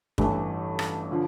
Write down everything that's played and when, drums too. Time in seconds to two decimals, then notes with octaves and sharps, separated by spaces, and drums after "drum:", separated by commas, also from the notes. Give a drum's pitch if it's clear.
0.18 A1 G2 E3 A3, drum: kick
0.79 drum: rim click
1.11 D3 F3